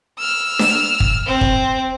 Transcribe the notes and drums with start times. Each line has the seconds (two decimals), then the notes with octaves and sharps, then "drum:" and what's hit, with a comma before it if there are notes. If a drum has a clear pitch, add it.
0.19 E6 F6
0.59 drum: snare D4
1.00 drum: kick
1.26 C4
1.41 drum: kick